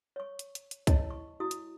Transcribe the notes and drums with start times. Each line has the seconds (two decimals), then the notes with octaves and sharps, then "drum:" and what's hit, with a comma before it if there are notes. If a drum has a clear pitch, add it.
0.16 C#5 C#6
0.39 drum: hi-hat
0.55 drum: hi-hat
0.71 drum: hi-hat
0.87 E4 C#5 D#5 A5, drum: kick C2, hi-hat
1.11 C#6
1.40 E4 F#4 D#6
1.51 drum: hi-hat